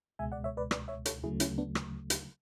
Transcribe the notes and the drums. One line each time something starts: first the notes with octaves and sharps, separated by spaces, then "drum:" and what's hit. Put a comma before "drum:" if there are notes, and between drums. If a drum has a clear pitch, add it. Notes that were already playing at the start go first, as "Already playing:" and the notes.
C#2 B2 G#3 E5 G#5
D5 F#5
C#5 E5
B4 D5
B4 D5, drum: rim click
C#5 E5
A4 C#5, drum: hi-hat
D2 C#3 F#3 A3 E4 G#4
C#4 E4, drum: hi-hat
B3 D4
drum: rim click
drum: hi-hat